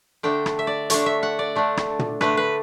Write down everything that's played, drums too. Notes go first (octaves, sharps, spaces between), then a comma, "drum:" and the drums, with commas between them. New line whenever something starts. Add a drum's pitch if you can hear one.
D3 A3 D4 G5
drum: rim click
E5
D5
D3 A3 D4 C#5, drum: hi-hat
E5
F#5
D5
D3 A3 D4
drum: rim click
drum: tom
D3 A3 D4 B4, drum: rim click
B4